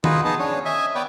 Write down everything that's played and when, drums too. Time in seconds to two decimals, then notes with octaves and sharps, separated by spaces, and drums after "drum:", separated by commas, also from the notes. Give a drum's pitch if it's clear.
0.04 D#4 F4 F#4 G#4 B4, drum: tom D#3
0.25 B3 D#4 G#4 A5
0.39 C#4 D4 C#5
0.65 D#5 E5 G#5
0.95 B3 B4 C#5 D5 G5